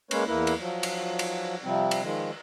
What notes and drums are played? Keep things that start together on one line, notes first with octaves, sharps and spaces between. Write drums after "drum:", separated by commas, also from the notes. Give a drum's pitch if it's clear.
G#3 A#3 C#4 B4 C#5, drum: cymbal
E2 A#3 E4 B4
drum: cymbal
F3 F#3
drum: cymbal
drum: cymbal
C3 F3 G3 C4
drum: cymbal
D#3 F3 G#3